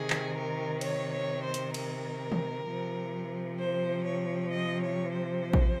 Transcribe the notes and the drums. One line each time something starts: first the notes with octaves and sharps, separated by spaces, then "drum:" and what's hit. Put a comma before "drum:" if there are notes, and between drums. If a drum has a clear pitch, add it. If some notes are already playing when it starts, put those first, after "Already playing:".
Already playing: C3 D#3 G#4
drum: clap
A#4
C#5, drum: cymbal
C#5
C5
drum: hi-hat
A#4, drum: cymbal
drum: tom
C3 F3
C5
C#5
D#5
C#5
C5
drum: kick A1